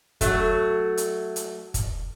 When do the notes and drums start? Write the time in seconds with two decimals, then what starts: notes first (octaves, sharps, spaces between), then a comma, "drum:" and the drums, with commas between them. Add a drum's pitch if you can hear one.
0.21 F#3 A3, drum: kick, hi-hat
0.97 drum: hi-hat
1.36 drum: hi-hat
1.74 drum: kick, hi-hat